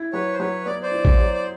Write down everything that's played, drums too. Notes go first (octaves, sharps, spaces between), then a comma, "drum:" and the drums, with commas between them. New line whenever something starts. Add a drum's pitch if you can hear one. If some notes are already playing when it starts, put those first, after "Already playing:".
Already playing: E4
F#3 B4 C#5
C5
F#3 B4 C#5
B3 D5
C5 D5
E4
drum: kick A1
F#3
D5